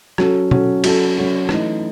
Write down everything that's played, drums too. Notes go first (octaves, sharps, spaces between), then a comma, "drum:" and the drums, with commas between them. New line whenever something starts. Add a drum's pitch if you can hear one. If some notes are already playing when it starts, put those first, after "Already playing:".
F#3 C#4 F#4 A4, drum: rim click
F#3 C#4 F#4 A4, drum: tom B2
F#3 C#4 F#4 A4, drum: cymbal
F#3 C#4 F#4 A4
E3 A3 D#4, drum: rim click